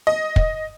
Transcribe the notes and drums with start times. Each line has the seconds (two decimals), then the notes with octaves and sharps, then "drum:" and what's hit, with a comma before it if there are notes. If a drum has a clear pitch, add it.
0.07 D#5
0.36 drum: kick